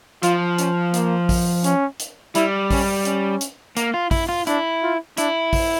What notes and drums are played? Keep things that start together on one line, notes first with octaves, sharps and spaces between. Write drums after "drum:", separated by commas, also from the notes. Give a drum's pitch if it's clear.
F3 F4, drum: hi-hat
C#4, drum: hi-hat
A#3, drum: hi-hat
drum: kick, open hi-hat
C#4, drum: hi-hat
drum: hi-hat
G3 E4, drum: hi-hat
C#4, drum: kick, open hi-hat
C#4, drum: hi-hat
drum: hi-hat
A#3, drum: hi-hat
F4
E4, drum: kick, open hi-hat
F4
D4 E4, drum: hi-hat
F4
D4 E4, drum: hi-hat
drum: kick, open hi-hat